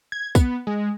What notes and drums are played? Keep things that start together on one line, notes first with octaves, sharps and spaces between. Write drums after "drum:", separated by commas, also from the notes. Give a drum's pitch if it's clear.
G#6
B3, drum: kick, tambourine
G#3